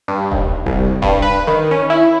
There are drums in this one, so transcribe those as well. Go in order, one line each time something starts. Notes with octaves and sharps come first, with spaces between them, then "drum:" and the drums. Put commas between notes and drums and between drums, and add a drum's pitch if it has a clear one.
G2
D#2, drum: kick D#1
C2, drum: kick D#1
G2, drum: kick D#1
B4
D#3
C#4
E4